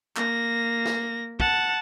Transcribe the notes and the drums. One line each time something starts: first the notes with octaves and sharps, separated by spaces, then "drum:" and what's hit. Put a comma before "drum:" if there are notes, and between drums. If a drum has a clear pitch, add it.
A#3 A#6, drum: clap
drum: snare
F#5 A5, drum: kick